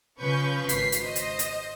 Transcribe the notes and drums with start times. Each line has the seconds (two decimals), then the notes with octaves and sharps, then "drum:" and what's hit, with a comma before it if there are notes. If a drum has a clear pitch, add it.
0.21 C#3 F3 C#4 B4 C#6 G6
0.69 G#1 B6 C7, drum: hi-hat
0.92 drum: hi-hat
1.02 C5 D#5
1.16 drum: hi-hat
1.39 drum: hi-hat